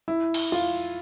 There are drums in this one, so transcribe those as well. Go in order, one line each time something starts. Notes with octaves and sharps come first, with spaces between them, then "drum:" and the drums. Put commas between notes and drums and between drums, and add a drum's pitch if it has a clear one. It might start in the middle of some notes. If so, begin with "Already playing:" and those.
E4
drum: cymbal
F4